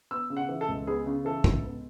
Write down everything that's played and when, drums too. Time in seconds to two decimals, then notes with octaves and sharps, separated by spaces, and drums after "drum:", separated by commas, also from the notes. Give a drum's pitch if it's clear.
0.11 B3 E6
0.30 C#3
0.37 F#5
0.49 E3
0.61 A4
0.68 C#2
0.87 B3 G#4
1.06 C#3
1.25 E3 A4
1.44 C#2, drum: kick
1.64 B3